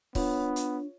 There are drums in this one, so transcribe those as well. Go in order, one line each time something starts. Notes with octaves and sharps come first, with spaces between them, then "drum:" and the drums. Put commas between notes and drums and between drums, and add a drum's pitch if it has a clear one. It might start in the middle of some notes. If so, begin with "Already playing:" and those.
B3 D4 F4 C#5, drum: kick C#1, open hi-hat
drum: hi-hat